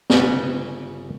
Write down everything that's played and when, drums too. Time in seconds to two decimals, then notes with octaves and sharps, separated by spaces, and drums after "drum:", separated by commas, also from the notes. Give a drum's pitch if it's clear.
0.10 G1 C#3 G3 E4 B4 F#5, drum: snare